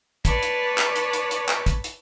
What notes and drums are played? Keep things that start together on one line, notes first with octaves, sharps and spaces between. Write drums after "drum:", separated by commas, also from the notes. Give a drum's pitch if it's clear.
B4 C#5 D5 A5 B5, drum: kick, hi-hat
drum: hi-hat
drum: clap
drum: hi-hat
drum: hi-hat
drum: hi-hat
drum: clap
drum: kick, hi-hat
drum: hi-hat